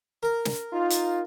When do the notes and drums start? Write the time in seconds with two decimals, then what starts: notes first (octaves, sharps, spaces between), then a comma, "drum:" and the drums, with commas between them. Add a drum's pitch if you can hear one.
0.23 A#4
0.45 drum: snare
0.73 D#4 F4
0.90 drum: hi-hat